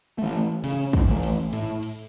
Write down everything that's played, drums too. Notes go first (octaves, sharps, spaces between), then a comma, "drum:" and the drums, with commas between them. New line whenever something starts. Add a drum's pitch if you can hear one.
E3 A3
C#3, drum: cymbal
drum: kick, cymbal
E3 A3
drum: cymbal
A2, drum: cymbal
drum: cymbal